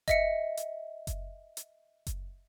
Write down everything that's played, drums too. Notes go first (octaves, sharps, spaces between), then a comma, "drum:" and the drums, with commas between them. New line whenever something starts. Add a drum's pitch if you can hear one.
D#5 E5 C#7, drum: kick F#1, hi-hat
drum: hi-hat
drum: kick F#1, hi-hat
drum: hi-hat
drum: kick F#1, hi-hat